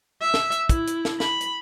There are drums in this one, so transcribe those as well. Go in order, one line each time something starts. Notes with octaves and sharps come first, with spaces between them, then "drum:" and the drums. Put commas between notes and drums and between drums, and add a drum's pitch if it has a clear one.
E5
drum: snare
drum: hi-hat
E4, drum: kick, hi-hat
drum: hi-hat
drum: snare
B5, drum: snare
drum: hi-hat